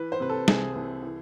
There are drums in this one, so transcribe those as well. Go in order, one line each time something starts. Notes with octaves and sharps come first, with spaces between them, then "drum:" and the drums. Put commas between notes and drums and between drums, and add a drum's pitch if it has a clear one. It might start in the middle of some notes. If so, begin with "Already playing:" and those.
Already playing: E3 B4
C5
C3 B4
A4
C2 G#4, drum: snare
C2
E3